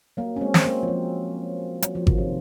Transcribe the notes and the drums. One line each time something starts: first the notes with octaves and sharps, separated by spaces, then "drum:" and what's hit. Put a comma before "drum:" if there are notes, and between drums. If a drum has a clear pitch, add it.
F#3 A#3
C#4
G#3 C4
C4, drum: snare
F#3 A#3
F3
F#3
F#3, drum: hi-hat
F3
D#3, drum: kick G#1
C3